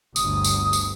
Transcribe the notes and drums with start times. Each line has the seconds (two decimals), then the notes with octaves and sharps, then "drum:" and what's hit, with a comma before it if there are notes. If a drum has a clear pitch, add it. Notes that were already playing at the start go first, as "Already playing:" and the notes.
0.16 G1 D2 D#6, drum: tambourine
0.44 drum: tambourine
0.73 drum: tambourine